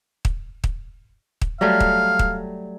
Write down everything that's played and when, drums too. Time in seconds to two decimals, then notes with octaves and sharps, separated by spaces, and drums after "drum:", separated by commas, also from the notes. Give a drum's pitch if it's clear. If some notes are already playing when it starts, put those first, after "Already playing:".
0.25 drum: kick
0.64 drum: kick
1.41 drum: kick
1.61 F#3 G3 A3 F5
1.80 drum: kick
2.19 drum: kick